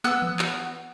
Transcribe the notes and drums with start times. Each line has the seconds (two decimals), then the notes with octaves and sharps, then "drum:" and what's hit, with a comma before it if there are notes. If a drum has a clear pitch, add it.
0.04 B3 E6 F#6, drum: snare
0.22 drum: tom E3
0.39 drum: clap